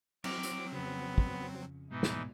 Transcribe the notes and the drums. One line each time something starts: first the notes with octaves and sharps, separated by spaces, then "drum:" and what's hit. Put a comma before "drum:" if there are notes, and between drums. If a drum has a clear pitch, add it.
F#3 C4 E4 C#5 D6, drum: cymbal
drum: hi-hat
F2 C#3 B3
drum: kick
G#2 B2 E3 D#4
drum: snare